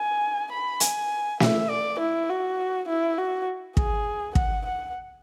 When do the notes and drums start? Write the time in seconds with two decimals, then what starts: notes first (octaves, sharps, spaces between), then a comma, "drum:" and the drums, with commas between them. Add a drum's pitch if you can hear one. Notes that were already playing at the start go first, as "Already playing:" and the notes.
Already playing: G#5
0.52 B5
0.80 G#5, drum: hi-hat
1.40 E5, drum: snare
1.69 D5
1.99 E4
2.29 F#4
2.88 E4
3.18 F#4
3.77 G#4, drum: kick
4.35 F#5, drum: kick
4.66 F#5